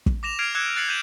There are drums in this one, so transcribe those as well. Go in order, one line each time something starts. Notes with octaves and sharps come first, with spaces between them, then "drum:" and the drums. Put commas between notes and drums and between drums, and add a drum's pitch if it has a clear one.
drum: kick
D6 A#6 E7 F7
F6 G#6 C7 D7 D#7 F7
D6 E6 F#6 G#6 C#7 E7
F#6 A6 C7 C#7 F#7
G6 G#6 B6 D#7 E7 F#7